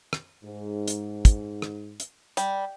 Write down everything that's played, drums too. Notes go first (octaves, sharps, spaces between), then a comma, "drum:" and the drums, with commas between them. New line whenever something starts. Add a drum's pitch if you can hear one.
drum: rim click
G#2
drum: hi-hat
drum: kick, hi-hat
drum: rim click
drum: hi-hat
G3, drum: hi-hat